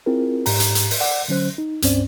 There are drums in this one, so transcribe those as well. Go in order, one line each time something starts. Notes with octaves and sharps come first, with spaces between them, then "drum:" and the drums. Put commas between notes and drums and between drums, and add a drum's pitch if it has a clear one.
C4 E4 F4 G#4 A#4
G#2 G4 A#5, drum: open hi-hat
drum: hi-hat
drum: hi-hat
drum: open hi-hat
D5 F#5 D6 E6
D3 F#3 C#4 C5 F#6
D#4
C#2 G2 C4 C#4 C5 D5, drum: hi-hat